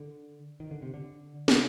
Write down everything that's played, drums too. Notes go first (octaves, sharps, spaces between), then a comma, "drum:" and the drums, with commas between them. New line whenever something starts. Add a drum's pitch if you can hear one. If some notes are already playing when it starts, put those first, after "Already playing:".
Already playing: D3
D#3
D3
C3
D3
C3, drum: snare